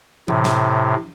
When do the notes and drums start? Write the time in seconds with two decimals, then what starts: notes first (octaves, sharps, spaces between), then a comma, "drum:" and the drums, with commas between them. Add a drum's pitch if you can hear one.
0.28 A2 C3, drum: tom E3
0.44 drum: snare